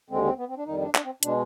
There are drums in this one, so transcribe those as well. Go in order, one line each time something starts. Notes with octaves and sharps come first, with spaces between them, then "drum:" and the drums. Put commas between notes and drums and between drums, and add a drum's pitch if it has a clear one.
D#2 D3 G#3 C4
C4
B3
C4
D4
F2 D#3 G3 D#4
D4
D4, drum: clap
C4
B2 G#3 D4, drum: hi-hat